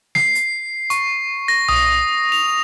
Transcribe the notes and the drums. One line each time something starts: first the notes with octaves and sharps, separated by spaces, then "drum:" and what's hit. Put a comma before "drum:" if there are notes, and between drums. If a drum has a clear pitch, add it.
C7, drum: snare
drum: hi-hat
C#6, drum: hi-hat
A#6
D#6, drum: tom B1
F7